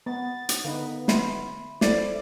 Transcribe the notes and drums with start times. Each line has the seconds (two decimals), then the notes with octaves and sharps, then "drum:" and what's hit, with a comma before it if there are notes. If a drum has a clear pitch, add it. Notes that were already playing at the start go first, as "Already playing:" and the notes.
0.06 B3 A6
0.49 drum: hi-hat
0.64 D3 B3 D#4 B4 F5
1.08 E5 B5 C6, drum: snare
1.81 E4 F4 A4 C5 D5, drum: snare